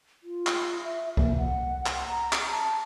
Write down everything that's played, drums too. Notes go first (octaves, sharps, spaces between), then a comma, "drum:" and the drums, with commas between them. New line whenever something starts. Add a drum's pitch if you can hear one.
F4
drum: clap
E5
A#3, drum: kick C2
F#5
drum: clap
A#5
drum: clap
A5